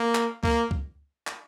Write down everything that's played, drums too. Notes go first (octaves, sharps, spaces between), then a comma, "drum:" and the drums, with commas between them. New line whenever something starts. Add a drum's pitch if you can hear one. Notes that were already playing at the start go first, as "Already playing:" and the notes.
Already playing: A#3
drum: clap
A#3, drum: kick C#2
drum: kick C#2
drum: clap